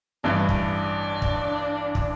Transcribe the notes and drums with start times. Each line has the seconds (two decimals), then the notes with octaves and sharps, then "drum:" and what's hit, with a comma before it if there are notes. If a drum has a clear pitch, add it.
0.24 A1 G2 E3 D4
0.49 drum: kick
1.22 drum: kick
1.95 drum: kick